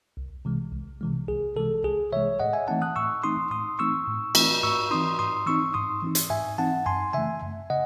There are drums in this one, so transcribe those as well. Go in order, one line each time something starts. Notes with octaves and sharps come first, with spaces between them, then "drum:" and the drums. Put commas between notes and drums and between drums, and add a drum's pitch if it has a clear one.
C2
C3 E3 G#3
C2
C3 E3 G#3
C2 G#4
C3 E3 G#3 A4
C2 G#4
C3 E3 G#3 C#5 E5
A2 D#5 F#5
E5 G#5
E3 A3 C4 D#4 F#5 A5
D#6 F#6
A2 C#6 E6
E3 A3 C4 D#4 C6 D#6
A2 C6 D#6
E3 A3 C4 D#4 C#6 E6
A2
E3 A3 C4 D#4, drum: cymbal
G#2 C#6 E6
E3 C4 D#4 C6 D#6
G#2 C6 D#6
E3 C4 D#4 C#6 E6
G#2 C6 D#6
E3 C4 D#4
drum: hi-hat
G#2 E5 G#5
E3 C4 D#4 F#5 A5
F#2 G#5 C6
C#3 E3 A3 E5 G#5
F#2
C#3 D#5 F#5